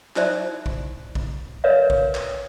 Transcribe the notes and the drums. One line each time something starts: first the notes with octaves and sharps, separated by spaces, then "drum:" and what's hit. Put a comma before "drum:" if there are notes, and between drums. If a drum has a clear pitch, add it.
D#4 E4 C5 D5 E5, drum: clap
drum: kick
drum: kick
A#4 B4 C#5 D5 E5 F5
drum: kick
drum: clap